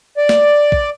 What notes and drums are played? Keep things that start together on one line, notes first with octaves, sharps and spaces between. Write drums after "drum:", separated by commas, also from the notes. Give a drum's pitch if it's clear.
D5
drum: snare
drum: kick A#1